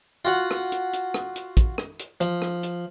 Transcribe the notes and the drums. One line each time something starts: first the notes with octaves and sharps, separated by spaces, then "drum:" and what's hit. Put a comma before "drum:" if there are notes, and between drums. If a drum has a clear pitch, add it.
F4 F#4 F#5
drum: rim click
drum: hi-hat
drum: hi-hat
drum: rim click
drum: hi-hat
drum: kick, hi-hat
drum: rim click
drum: hi-hat
F3, drum: hi-hat
drum: rim click
drum: hi-hat